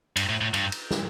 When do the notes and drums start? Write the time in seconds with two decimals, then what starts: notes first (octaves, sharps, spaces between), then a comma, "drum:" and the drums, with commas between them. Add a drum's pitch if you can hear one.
0.17 G2, drum: cymbal
0.29 A2
0.41 A2
0.54 G2, drum: cymbal
0.72 drum: cymbal
0.91 drum: snare